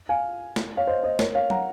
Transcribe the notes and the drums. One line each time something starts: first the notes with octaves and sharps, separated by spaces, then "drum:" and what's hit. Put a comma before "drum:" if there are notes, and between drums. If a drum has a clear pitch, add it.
F5 G#5
drum: snare
C#5 F5
C5 D#5
C5 D#5
A#4 C#5, drum: snare
C#5 F5
F#5 A#5, drum: tom